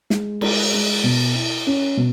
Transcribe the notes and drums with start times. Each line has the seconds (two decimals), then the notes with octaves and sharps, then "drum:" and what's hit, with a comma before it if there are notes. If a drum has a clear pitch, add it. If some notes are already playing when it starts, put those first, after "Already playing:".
0.10 G#3, drum: snare
0.41 G#3, drum: cymbal
0.73 G#3
1.04 B2
1.35 E4
1.67 C#4
1.97 B2